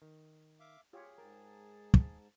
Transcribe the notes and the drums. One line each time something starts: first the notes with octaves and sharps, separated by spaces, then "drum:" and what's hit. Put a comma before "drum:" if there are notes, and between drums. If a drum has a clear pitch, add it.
D#3
E5 F5 D6
F4 G4 G#4 C#5
G#2 A#4 G5 A5
drum: kick